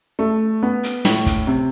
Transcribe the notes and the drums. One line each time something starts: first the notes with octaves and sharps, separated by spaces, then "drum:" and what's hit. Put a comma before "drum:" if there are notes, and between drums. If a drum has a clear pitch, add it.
A3
B3
drum: hi-hat
A2, drum: snare
drum: kick, hi-hat
C3